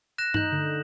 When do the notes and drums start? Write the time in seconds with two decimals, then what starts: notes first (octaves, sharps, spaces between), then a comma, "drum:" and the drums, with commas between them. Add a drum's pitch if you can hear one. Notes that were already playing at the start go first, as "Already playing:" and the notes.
0.18 F#6 A#6 E7
0.34 D#4 G6 F#7, drum: tom G2
0.52 D3